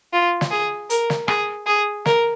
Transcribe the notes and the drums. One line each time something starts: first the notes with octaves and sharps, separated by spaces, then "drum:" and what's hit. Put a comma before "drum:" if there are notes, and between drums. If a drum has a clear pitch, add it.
F4
drum: snare
G#4
A#4, drum: hi-hat
drum: snare
G#4, drum: rim click
G#4
A#4, drum: snare